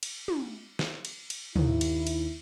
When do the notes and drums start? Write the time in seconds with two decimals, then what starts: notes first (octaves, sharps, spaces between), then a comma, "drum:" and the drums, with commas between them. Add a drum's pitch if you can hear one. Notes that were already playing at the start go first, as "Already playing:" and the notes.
0.03 drum: cymbal
0.28 drum: tom
0.79 drum: snare
1.05 drum: cymbal
1.30 drum: cymbal
1.56 D#2 E4, drum: tom
1.81 drum: cymbal
2.07 drum: cymbal